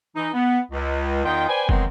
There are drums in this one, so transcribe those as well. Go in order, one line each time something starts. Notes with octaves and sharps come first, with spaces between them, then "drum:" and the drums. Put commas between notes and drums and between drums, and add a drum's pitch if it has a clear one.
E3 D#4
B3
C#2
E2 D#3 D#4 F4 D#5 G5
B4 C5 D5 G5 G#5
D#3 E3 F#3 G#3 B3 C4, drum: kick